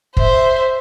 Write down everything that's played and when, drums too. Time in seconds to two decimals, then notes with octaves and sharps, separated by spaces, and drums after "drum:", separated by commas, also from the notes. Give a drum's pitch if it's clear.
0.17 C5 E5, drum: kick